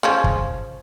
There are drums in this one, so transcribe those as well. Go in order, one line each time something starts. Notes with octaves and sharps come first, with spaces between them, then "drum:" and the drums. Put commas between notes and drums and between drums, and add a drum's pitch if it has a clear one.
C#3 F3 C#4
drum: kick